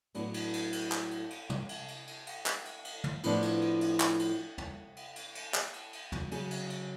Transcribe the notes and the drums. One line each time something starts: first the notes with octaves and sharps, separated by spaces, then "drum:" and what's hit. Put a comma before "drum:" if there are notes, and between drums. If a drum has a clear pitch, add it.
A2 F#3 B3 D4, drum: cymbal
drum: cymbal
drum: cymbal
drum: cymbal
drum: clap
drum: cymbal
drum: cymbal
drum: tom
drum: cymbal
drum: cymbal
drum: cymbal
drum: cymbal
drum: clap
drum: cymbal
drum: cymbal
drum: tom
A2 F3 B3 D4, drum: cymbal
drum: cymbal
drum: cymbal
drum: cymbal
drum: clap
drum: cymbal
drum: tom
drum: cymbal
drum: cymbal
drum: cymbal
drum: clap
drum: cymbal
drum: cymbal
drum: tom
C#3 F#3 C#4 G#4, drum: cymbal
drum: cymbal
drum: cymbal